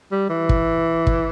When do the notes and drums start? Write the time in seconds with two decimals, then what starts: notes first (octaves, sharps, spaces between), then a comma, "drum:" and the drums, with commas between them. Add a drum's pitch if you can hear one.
0.12 G3
0.30 E3
0.49 drum: kick
1.07 drum: kick